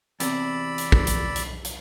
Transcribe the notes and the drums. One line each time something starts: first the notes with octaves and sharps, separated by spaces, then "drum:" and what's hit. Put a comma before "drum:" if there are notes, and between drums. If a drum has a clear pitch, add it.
E2 C3 D5 B5 E6, drum: hi-hat
drum: hi-hat
drum: kick
drum: hi-hat
drum: hi-hat
drum: hi-hat